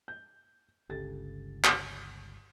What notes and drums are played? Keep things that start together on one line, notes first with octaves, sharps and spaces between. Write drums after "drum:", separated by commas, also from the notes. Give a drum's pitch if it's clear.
G6
G1 C#2 C#3 G4 A4 A6
drum: clap